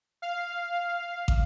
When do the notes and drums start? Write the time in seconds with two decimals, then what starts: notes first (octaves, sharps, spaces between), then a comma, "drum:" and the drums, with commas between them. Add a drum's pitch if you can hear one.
0.22 F5
1.28 drum: kick